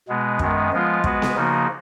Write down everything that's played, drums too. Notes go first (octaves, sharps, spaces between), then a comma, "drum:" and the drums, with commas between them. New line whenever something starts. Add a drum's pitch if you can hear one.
B2 G#3 B3
F#2 D#3 G#3 B3, drum: kick
F3 G#3 B3 F4
G#3 B3 F#4 B4, drum: kick
drum: snare B3
C#3 F3 A#3 D#4 F#4